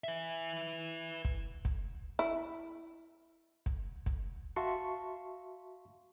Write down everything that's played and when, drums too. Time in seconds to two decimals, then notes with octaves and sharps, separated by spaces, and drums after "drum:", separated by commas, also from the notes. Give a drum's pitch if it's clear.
0.04 B4 E5
1.25 drum: kick
1.65 drum: kick
2.19 E4
3.66 drum: kick
4.06 drum: kick
4.56 F#4 E5 F5 A5 C6 C#6